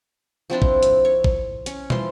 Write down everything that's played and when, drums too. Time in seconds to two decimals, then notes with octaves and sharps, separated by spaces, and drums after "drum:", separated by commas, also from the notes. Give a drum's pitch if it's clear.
0.50 F3 C4 D4 E4
0.62 drum: kick
0.83 drum: hi-hat
1.05 C#5
1.24 drum: kick
1.66 C#4, drum: hi-hat
1.90 E3 F3 C6, drum: tom